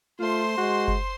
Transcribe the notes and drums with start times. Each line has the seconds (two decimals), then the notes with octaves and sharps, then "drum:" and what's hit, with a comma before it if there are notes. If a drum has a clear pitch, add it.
0.19 A3 F4 C5 C6
0.58 G#3 F#4
0.88 drum: kick F#1